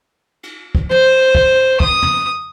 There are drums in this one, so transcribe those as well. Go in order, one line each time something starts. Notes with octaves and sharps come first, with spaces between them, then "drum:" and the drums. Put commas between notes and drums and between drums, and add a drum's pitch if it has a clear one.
drum: cymbal
drum: kick
C5, drum: tom
drum: kick
D#6, drum: kick
drum: tom